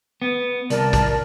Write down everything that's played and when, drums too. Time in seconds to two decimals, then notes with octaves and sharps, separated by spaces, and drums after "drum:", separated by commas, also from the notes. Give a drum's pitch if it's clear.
0.22 B3
0.70 C2 A#4 D5 A5, drum: hi-hat
0.93 drum: kick, hi-hat